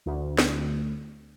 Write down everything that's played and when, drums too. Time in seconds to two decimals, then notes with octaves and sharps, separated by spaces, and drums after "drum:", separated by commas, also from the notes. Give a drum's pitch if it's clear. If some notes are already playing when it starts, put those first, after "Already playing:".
0.06 D2
0.39 drum: snare